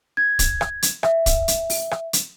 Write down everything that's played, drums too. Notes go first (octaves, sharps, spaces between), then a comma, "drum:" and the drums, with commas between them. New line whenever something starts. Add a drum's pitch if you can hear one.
G#6
drum: kick, hi-hat
drum: rim click
drum: hi-hat
E5, drum: rim click
drum: kick, hi-hat
drum: hi-hat
drum: open hi-hat
drum: rim click
drum: hi-hat